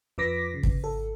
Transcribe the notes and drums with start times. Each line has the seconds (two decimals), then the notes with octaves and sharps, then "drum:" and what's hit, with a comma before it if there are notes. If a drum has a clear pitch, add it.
0.18 F2 F3 B4 D6 A#6 B6
0.54 C#3
0.63 drum: kick
0.84 G#1 A4